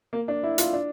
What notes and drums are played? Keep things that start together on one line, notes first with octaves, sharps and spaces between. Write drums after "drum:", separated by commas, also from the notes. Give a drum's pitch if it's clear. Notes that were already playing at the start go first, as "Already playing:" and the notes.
A#3
D4
E4
F4, drum: hi-hat
D4